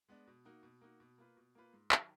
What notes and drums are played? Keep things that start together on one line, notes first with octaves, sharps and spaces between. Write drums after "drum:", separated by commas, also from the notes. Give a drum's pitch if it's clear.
G#3 B3 D4
B2
A#3 D#4 F#4
B2
A#3 D#4 F#4
B2
A#3 F4 B4
B2
A#3 F4 B4
G#2
D#3 F#3, drum: clap